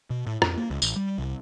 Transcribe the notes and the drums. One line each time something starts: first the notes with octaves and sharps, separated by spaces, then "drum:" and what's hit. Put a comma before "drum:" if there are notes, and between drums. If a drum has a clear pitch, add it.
B2
A2
F2, drum: rim click
A#3
C#2
A1, drum: tambourine
G3
C2